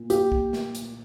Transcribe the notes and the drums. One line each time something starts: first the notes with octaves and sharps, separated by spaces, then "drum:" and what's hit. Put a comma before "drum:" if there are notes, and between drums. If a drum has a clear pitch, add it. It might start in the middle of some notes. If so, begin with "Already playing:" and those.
Already playing: A#2
G4, drum: hi-hat
drum: kick
drum: snare
drum: hi-hat